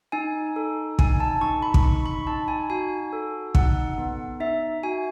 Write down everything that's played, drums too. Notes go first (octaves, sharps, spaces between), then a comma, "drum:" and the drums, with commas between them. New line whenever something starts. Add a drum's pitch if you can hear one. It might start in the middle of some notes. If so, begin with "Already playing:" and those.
D#4 G#5
A4
D#4 G#5, drum: kick
A5
D#4 C#6
B5
drum: kick
D#4 C#6
B5
D#4 A5
G#5
F#4 G#5
A4
D#4 F#5, drum: kick
B3
D#4 E5
F#4 G#5